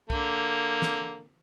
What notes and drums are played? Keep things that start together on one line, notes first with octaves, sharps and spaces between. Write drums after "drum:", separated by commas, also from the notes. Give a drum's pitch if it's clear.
D3 A#3, drum: kick B1
drum: snare